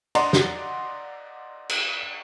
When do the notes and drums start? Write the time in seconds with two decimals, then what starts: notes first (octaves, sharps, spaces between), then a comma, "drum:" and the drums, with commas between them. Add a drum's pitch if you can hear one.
0.15 D5 D#5 F#5 A#5 C6, drum: cymbal
0.33 drum: snare
1.69 drum: cymbal